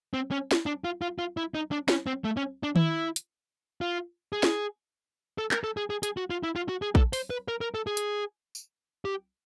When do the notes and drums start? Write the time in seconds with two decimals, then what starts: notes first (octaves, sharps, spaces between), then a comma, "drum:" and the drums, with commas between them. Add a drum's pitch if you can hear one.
0.14 C4
0.31 C#4
0.51 drum: snare
0.66 D4
0.84 F4
1.02 F4
1.19 F4
1.37 E4
1.55 D#4
1.72 D4
1.88 C#4, drum: snare
2.07 C4
2.24 A3
2.37 C#4
2.63 D4
2.76 E4, drum: tom D#3
3.16 drum: hi-hat
3.81 F4
4.33 G#4
4.43 drum: snare
5.38 A4
5.51 A#4, drum: clap
5.64 A4
5.77 G#4
5.90 G#4
6.03 G#4, drum: hi-hat
6.17 F#4
6.30 F4
6.43 E4
6.56 F4
6.69 F#4
6.82 G#4
6.95 A4, drum: kick
7.13 C5, drum: open hi-hat
7.30 B4
7.48 A#4
7.61 A#4
7.75 A4
7.87 G#4
7.97 drum: hi-hat
8.55 drum: tambourine
9.05 G4